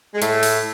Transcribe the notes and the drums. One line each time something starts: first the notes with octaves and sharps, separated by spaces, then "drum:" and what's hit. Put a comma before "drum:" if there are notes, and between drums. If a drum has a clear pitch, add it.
G#3
A2 A3, drum: hi-hat
drum: open hi-hat